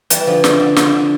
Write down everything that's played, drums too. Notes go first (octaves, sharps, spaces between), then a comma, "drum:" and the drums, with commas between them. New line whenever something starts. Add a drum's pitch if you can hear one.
E3 G3, drum: hi-hat
D3 F3
D3, drum: snare
D3
D3, drum: snare
D3